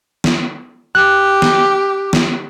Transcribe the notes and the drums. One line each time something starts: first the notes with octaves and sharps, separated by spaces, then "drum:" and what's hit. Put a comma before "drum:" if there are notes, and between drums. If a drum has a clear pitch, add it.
drum: snare
G4 F#6
drum: snare
drum: snare